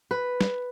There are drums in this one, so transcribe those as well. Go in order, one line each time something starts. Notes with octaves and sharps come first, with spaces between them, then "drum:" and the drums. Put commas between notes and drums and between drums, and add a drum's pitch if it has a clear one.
B4
drum: snare